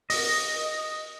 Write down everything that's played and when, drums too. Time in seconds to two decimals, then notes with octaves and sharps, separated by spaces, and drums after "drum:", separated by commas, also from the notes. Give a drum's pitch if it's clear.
0.10 D#5, drum: open hi-hat